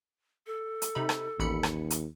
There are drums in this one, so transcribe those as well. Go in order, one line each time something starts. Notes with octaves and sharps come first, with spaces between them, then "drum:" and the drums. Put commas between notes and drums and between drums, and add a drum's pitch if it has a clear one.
A4
drum: hi-hat
C3 D#4 B5
drum: rim click
A1 D#2 B5 C#7
drum: rim click
drum: hi-hat